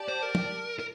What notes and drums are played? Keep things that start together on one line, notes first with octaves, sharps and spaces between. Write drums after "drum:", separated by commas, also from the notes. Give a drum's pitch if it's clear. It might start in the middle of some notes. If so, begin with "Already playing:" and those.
Already playing: G4 D5 A5
C5
A#4
drum: tom
A#4